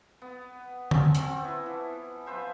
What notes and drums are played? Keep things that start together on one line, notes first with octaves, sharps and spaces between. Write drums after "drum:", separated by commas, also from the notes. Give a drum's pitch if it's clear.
B3
F#3 C4 C#4 A5, drum: tom D3
C4 F#4, drum: hi-hat
B3 E4
E3 F3
F3 B4 C5 E5